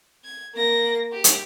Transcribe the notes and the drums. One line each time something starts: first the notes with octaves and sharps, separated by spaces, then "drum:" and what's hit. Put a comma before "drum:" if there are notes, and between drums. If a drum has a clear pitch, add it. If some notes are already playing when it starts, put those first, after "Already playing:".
G#6
A#3 A#6
G4
drum: hi-hat